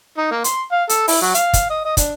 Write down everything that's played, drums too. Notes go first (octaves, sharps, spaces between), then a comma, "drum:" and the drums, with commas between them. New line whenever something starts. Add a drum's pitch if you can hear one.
D#4
A#3
C6, drum: hi-hat
F5
A4, drum: hi-hat
E4, drum: open hi-hat
F#3
F5, drum: hi-hat
drum: kick, hi-hat
D#5
D#5
D4, drum: kick, hi-hat